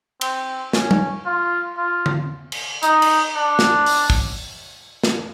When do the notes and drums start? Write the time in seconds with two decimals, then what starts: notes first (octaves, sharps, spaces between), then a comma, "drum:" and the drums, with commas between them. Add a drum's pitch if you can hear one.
0.21 C4, drum: cymbal
0.73 C#4, drum: snare
0.91 drum: tom F#3
1.26 F4
1.78 F4
2.06 drum: tom D3
2.52 drum: cymbal
2.83 D#4, drum: hi-hat
3.02 drum: cymbal
3.35 D4
3.59 drum: snare
3.86 drum: open hi-hat
4.10 drum: kick
5.03 drum: snare